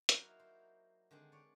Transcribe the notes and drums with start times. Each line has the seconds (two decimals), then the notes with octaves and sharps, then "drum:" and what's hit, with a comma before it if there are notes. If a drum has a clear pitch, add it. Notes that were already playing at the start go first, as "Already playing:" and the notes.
0.09 F#3 A#3 D#4 E4 F#4 F5, drum: hi-hat
0.40 C5
1.11 D3 D#3 G#3 C4
1.32 C#5 D5